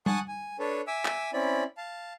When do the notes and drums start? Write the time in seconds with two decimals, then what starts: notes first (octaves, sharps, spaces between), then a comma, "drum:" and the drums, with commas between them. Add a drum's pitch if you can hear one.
0.06 F#5 G#5 A5 C#6 D#6 F#6, drum: tom G3
0.28 G#5
0.59 D4 A4 B4 C#5
0.87 E5 G#5 D6 E6
1.05 drum: clap
1.33 C4 C#4 E4 D5 B5
1.77 F5 A5